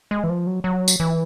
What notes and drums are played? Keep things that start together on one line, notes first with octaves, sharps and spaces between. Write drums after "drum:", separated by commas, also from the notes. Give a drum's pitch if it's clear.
G#3
E3
F3
F#3
F#3
drum: tambourine
E3